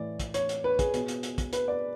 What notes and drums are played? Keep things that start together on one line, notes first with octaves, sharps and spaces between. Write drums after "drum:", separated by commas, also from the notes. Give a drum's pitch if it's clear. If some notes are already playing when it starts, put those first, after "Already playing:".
Already playing: A2 E3 D5
drum: kick, hi-hat
C#5, drum: hi-hat
drum: hi-hat
B4
G#4, drum: kick, hi-hat
B2, drum: hi-hat
drum: hi-hat
drum: hi-hat
drum: kick, hi-hat
B4, drum: hi-hat
D5